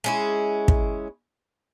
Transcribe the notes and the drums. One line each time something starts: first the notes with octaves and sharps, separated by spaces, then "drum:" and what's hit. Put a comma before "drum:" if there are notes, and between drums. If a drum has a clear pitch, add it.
G#3 C#4 E4
drum: kick